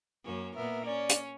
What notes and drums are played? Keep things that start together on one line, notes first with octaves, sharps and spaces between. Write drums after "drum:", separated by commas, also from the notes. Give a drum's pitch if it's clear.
F#2 A#3 C#4
A#2 B3 A#4 E5
C#4 D5
drum: hi-hat